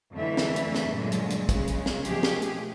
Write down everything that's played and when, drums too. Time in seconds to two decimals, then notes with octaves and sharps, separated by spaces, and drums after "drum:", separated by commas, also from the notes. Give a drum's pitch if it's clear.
0.14 F2 D3 E3 A3 E5
0.37 drum: snare
0.56 drum: hi-hat
0.75 drum: snare
0.90 G2 A#2 D3 F#3 G#3
1.12 drum: hi-hat
1.30 drum: hi-hat
1.49 C#3 G#3, drum: kick, hi-hat
1.67 drum: hi-hat
1.86 drum: snare
2.05 B2 F3 A3 G4 G#4, drum: hi-hat
2.23 drum: snare
2.42 drum: hi-hat